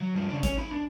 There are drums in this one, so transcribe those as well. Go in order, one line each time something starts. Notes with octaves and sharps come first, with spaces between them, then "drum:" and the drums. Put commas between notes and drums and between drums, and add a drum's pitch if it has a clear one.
F#3
G2 F3
C#3 D4
C#4, drum: kick G#1, hi-hat
D#4 B5
D4